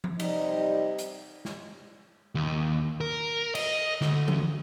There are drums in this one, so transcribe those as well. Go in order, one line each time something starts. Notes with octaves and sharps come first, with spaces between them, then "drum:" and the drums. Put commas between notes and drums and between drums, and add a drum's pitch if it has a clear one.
drum: tom F3
C3 G3 D#4, drum: cymbal
drum: hi-hat
drum: snare
D#2
A#4
D#5, drum: cymbal
D2, drum: snare
drum: tom E3